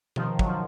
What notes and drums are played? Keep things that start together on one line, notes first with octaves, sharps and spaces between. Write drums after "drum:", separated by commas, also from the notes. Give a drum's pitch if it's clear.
D#3 F3, drum: tom B2
F#3, drum: kick
F3